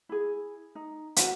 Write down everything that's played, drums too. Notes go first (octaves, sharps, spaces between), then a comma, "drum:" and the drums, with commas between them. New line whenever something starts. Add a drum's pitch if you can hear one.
E4 G#4
D#4
F#4, drum: hi-hat